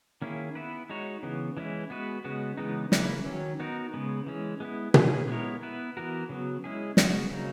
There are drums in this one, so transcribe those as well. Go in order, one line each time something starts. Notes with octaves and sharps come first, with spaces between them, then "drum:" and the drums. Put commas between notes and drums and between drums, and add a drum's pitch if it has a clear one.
D#3 A#3 C#4 E4 G#4
B3 E4 B4
G#3 D#4 F#4 C#5
C#3 E3 B3
E3 G#3 C#4 E4
G#3 B3 F#4 B4
C#3 G#3 B3 F#4
C#3 E3 G#3 B3 D#4
C#3 E3 A#3 E4 B4, drum: snare
D#3 F#3 C#4
B3 D#4 F#4 A#4
C#3 G#3 B3
E3 G#3 C#4
G#3 B3 E4
A#3 C#4 E4 G#4, drum: tom B2
G#3 B3 E4 A#4 C#5
B3 E4 B4
E3 B3 F#4 A#4
C#3 F#3 B3
G#3 C#4 E4 G#4
C#3 G#3 B3 F#4, drum: snare
C#3 F#3 A#3 D#4